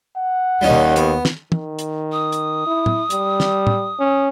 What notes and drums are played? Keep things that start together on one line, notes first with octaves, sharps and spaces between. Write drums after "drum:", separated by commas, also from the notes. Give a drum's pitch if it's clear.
F#5
D#2 G3 C#4 D#4
drum: tom
B3, drum: hi-hat
drum: snare
D#3, drum: tom
drum: hi-hat
D#6
drum: hi-hat
E4
drum: tom
G3, drum: hi-hat
drum: snare
drum: tom
C#4